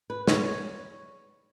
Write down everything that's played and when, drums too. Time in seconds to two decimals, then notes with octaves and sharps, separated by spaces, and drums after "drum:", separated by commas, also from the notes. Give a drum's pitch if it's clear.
0.10 B4
0.27 C#5, drum: snare
0.43 C#5